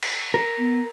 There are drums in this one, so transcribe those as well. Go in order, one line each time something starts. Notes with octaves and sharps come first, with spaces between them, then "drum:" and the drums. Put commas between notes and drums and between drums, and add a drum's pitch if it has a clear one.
drum: cymbal
A#4
B3